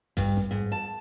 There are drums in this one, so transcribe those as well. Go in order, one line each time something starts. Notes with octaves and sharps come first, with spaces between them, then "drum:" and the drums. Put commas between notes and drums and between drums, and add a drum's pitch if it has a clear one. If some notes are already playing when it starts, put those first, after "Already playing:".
G2, drum: kick A1, open hi-hat
drum: snare
G#2
A5